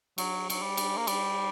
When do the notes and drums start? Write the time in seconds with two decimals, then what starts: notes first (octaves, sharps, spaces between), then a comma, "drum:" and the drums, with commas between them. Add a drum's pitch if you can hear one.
0.18 F#3, drum: cymbal
0.50 F#3, drum: cymbal
0.63 G3
0.77 drum: cymbal
0.97 A#3
1.07 G3, drum: cymbal